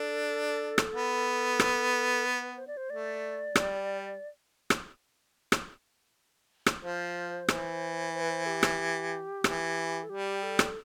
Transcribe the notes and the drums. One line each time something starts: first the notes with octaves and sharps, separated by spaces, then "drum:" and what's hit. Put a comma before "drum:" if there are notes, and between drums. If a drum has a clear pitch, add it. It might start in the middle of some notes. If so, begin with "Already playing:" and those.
Already playing: D4 A4
drum: rim click
B3
drum: rim click
B4
C5
D5
C5
A3 D5
G3, drum: rim click
drum: rim click
drum: rim click
drum: rim click
F3 C5
E3, drum: rim click
C5
B4
C5
G4
drum: rim click
E3, drum: rim click
A4
G3 G4
A4
drum: rim click